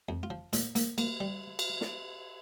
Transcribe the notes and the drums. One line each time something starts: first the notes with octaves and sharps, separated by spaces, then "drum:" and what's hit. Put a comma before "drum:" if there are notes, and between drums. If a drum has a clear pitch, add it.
F2
F4
F3
A#2 F4, drum: hi-hat
A#3, drum: hi-hat
A#3, drum: cymbal
G3
drum: cymbal
drum: snare